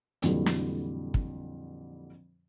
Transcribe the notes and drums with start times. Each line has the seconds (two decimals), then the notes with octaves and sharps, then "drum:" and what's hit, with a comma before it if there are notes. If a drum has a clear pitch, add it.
0.22 F2 A#2 D3 E3 F#3 G3, drum: hi-hat
0.46 drum: snare
1.14 drum: kick